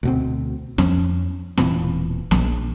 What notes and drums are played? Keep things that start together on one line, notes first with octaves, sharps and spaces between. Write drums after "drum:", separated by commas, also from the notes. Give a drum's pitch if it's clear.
D2 B2 C4
F2 F3 C#4, drum: snare
E1 A#2 E3 C4, drum: snare
A#1, drum: snare